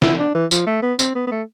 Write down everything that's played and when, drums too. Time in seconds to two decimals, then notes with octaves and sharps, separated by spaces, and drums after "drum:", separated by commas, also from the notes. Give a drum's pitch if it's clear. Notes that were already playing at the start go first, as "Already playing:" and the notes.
0.02 E4, drum: snare
0.19 D4
0.34 E3
0.51 F3, drum: tambourine
0.66 A3
0.82 B3
0.99 C4, drum: tambourine
1.15 B3
1.27 B3
1.31 A3